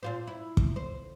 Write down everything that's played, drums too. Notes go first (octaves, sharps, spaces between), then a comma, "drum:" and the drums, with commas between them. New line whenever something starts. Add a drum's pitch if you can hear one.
A#2 F4 C5
E4
drum: kick
C5